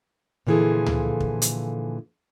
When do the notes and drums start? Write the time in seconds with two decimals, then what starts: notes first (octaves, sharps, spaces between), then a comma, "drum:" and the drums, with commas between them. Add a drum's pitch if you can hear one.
0.47 A#2 D3 E3 F3 G#4 A4
0.86 drum: tom C#2
1.20 drum: kick
1.42 drum: hi-hat